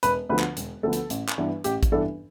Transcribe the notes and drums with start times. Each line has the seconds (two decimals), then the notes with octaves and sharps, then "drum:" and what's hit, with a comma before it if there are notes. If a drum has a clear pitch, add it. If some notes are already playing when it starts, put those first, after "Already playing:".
0.03 E1 B4, drum: hi-hat
0.29 D2 D3 F3 B3 B4
0.39 drum: clap
0.57 E1, drum: hi-hat
0.83 D2 D3 F3 B3 A4
0.93 drum: hi-hat
1.10 A1, drum: hi-hat
1.29 drum: clap
1.38 G2 E3 B3 D4
1.64 A1 G4, drum: hi-hat
1.83 drum: kick A1, hi-hat
1.92 G2 E3 B3 D4 A4